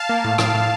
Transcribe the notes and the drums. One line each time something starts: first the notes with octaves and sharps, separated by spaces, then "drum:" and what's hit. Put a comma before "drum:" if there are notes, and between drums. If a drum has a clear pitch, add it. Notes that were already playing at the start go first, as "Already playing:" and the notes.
Already playing: F5 A5
A#3
A2
A2 F5 A5, drum: rim click
A2